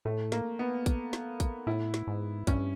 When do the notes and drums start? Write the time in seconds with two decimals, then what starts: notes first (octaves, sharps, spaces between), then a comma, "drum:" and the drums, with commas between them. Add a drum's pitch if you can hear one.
0.05 A2 A3
0.32 A#3, drum: snare
0.59 B3
0.86 drum: kick, hi-hat
1.13 drum: snare
1.40 drum: kick, hi-hat
1.67 A2 E4
1.94 drum: snare
2.07 G#2
2.47 G2 C#4, drum: kick, hi-hat